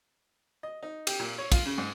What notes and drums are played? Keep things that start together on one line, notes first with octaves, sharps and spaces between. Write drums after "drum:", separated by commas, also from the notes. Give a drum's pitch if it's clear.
D#5
D#4
G4, drum: cymbal
A#2
C#5
F4, drum: kick, cymbal
C#3
G#2